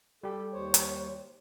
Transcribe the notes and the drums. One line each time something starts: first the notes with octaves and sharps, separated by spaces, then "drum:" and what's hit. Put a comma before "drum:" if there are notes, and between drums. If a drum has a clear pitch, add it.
G3 G4 A4
D#2 C5 C#5
drum: hi-hat